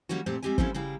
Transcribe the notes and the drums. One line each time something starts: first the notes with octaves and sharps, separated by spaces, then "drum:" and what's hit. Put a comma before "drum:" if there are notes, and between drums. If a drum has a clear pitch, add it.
D#3 G3 A#3 C#4 F#4
A#2 A3 C4 G4 C5 G5
G3 G#3 C4 G4 E5 G#5
G3 A#3 C#4 E4 A4 C5, drum: kick
C#3 G3 E4 F5 G5 A#5